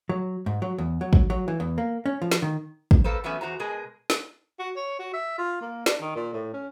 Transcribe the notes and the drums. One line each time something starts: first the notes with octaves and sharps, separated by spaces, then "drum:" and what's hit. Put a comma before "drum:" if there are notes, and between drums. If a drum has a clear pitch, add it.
F#3
G#2
F#3
E2
F#3
drum: kick
F#3
E3
E2
A#3
C#4
F3
drum: snare
D#3
drum: kick
A#3 A4 B4 C5
E3 F#3 A3 B3 C#4
E2 B2 F#4 C5 A#5
B2 G#3 G#4 A#4
drum: snare
F#4
C#5
F#4
E5
F4
A#3
D4, drum: snare
D#3
A#2
A2
C#4